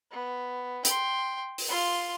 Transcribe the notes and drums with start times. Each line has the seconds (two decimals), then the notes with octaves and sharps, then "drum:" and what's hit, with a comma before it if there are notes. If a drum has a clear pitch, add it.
0.11 B3
0.85 G5 C6, drum: hi-hat
1.58 drum: open hi-hat
1.68 F4 C6